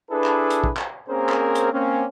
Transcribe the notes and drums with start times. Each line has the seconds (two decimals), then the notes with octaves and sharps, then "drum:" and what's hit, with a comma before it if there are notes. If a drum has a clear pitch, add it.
0.11 D4 E4 G#4 A4 B4
0.24 drum: clap
0.50 drum: hi-hat
0.64 drum: kick
0.77 drum: clap
1.09 A#3 C4 C#4 G#4 A#4 C5
1.29 drum: clap
1.55 drum: hi-hat
1.73 A#3 C4 C#4